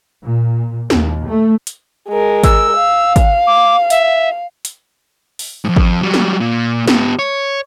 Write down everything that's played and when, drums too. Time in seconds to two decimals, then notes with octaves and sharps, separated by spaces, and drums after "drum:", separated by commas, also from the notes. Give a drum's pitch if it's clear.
0.24 A#2
0.90 D#2, drum: snare
1.27 A3
1.67 drum: hi-hat
2.09 G#3 A#4
2.44 E6, drum: kick G#1, hi-hat
2.76 F5
3.16 drum: kick G#1, hi-hat
3.47 D6
3.90 E5, drum: hi-hat
4.65 drum: hi-hat
5.39 drum: open hi-hat
5.65 F2 G#2
5.76 drum: kick G#1
6.02 F#3 G3
6.14 drum: snare
6.40 A#2
6.88 B3 G4, drum: snare
7.19 C#5